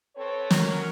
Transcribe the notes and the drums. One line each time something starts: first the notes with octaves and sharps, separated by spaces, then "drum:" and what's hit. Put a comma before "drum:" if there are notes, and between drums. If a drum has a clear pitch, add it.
C4 A4 B4 C#5
F#3 C#4 A#4, drum: snare